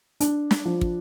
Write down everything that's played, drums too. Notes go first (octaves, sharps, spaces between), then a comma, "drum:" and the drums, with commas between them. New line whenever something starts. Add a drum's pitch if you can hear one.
D4, drum: hi-hat
drum: snare
F3
drum: kick